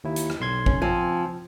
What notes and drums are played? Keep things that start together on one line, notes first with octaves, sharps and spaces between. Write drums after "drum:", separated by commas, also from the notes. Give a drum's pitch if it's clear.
D#2 E4
drum: hi-hat
drum: rim click
B1 C6 G#6
C#4, drum: kick A1
F3 C4 G#5